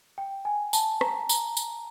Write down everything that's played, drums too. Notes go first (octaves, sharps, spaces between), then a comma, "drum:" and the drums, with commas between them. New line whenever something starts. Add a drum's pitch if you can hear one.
G5
G#5
A5, drum: tambourine
A#5, drum: rim click
A#5, drum: tambourine
drum: tambourine